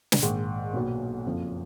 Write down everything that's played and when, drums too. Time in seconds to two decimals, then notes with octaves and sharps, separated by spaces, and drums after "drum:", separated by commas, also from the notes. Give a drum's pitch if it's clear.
0.12 drum: snare
0.22 A#1 G#2 D#3
0.74 B1 A#2 F#3 B3
1.25 F#1 F2 F3